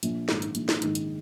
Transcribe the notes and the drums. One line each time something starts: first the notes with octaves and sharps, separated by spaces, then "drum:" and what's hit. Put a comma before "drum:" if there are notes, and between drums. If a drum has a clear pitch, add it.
A#1, drum: hi-hat
G#2 D#3 G#3, drum: snare
drum: hi-hat
A#1, drum: hi-hat
drum: snare
G#2 D#3 G#3, drum: hi-hat
drum: hi-hat